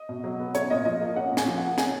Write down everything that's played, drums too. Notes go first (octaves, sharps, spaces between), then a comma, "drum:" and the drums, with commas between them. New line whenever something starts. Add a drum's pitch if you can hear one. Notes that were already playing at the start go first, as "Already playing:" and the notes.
Already playing: D#5
B2
F#3
B3
C#4 C#5, drum: hi-hat
A#2 D#5
F3 D#5
A#3
C#4 F#5
A#2
G#5, drum: snare
F3
F#5
A#3
C#4 G#5, drum: snare